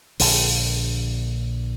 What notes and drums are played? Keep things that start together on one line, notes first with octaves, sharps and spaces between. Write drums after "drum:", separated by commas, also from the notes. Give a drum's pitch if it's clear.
A#1 D3, drum: open hi-hat